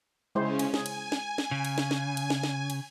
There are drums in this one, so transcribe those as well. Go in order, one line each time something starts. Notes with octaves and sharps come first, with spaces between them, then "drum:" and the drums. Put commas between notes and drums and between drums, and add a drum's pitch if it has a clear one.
C#3 G#3 C#4 E4 C5
drum: cymbal
G#4 G#5, drum: snare
drum: cymbal
drum: snare
drum: snare
C#3
drum: cymbal
drum: snare
drum: snare
drum: cymbal
drum: snare
drum: snare
drum: cymbal